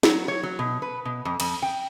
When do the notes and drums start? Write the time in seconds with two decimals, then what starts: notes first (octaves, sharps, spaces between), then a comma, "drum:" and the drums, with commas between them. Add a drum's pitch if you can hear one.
0.03 F#3, drum: snare
0.28 C#5
0.43 F#3
0.59 B2
0.82 B4
1.05 B2
1.25 F2
1.40 F2, drum: cymbal
1.62 G5